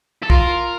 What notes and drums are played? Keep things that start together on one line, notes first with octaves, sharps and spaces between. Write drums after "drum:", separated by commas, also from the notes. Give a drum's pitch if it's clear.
A4
F4 A#4, drum: kick